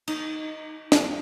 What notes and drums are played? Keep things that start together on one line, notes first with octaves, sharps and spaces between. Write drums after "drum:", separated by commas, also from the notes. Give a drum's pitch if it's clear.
D#4, drum: cymbal
drum: snare